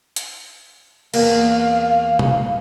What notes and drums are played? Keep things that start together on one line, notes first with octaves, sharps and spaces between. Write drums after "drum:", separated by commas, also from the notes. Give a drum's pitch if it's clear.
drum: hi-hat
E2 A#3 F5, drum: cymbal
drum: tom